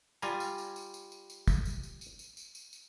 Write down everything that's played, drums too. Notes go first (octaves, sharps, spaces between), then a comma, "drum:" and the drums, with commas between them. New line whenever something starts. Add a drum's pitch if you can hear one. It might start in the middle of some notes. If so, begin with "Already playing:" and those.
G3 F4 G#5 A#5, drum: tambourine
drum: tambourine
drum: tambourine
drum: tambourine
drum: tambourine
drum: tambourine
drum: tambourine
drum: kick, tambourine
drum: tambourine
drum: tambourine
drum: tambourine
drum: tambourine
drum: tambourine
drum: tambourine
drum: tambourine